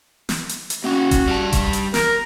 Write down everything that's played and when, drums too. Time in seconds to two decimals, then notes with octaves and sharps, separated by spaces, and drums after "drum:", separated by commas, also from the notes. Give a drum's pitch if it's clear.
0.29 drum: snare
0.49 drum: hi-hat
0.70 drum: hi-hat
0.84 A#3 C#4 F#4
1.11 drum: kick E1, hi-hat
1.28 G3 A5
1.52 drum: kick E1, hi-hat
1.73 drum: hi-hat
1.94 A#4, drum: snare